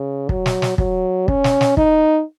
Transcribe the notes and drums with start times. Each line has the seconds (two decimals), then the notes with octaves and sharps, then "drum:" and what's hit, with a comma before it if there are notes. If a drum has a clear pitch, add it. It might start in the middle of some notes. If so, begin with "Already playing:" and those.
Already playing: C#3
0.29 F#3, drum: kick
0.46 drum: snare
0.62 drum: snare
0.78 F#3, drum: kick
1.28 C#4, drum: kick
1.44 drum: snare
1.61 drum: snare
1.77 D#4, drum: kick